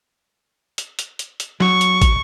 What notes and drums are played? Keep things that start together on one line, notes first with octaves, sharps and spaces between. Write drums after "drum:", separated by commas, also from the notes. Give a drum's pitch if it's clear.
drum: hi-hat
drum: hi-hat
drum: hi-hat
drum: hi-hat
F#3 C#6, drum: snare
drum: hi-hat
drum: kick, hi-hat